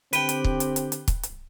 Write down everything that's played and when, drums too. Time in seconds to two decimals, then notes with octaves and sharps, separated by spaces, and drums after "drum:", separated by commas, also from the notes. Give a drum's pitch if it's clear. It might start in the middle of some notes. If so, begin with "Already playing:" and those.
0.13 D3 C4 G4 B4 G5, drum: hi-hat
0.29 drum: hi-hat
0.44 drum: kick
0.60 drum: hi-hat
0.76 drum: hi-hat
0.92 drum: hi-hat
1.08 drum: kick, hi-hat
1.23 drum: hi-hat